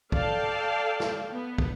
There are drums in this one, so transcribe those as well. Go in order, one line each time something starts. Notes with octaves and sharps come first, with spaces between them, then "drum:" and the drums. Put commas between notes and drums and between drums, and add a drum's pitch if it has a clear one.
A4 D5 F5 G5 A5, drum: kick
drum: snare
B3
drum: kick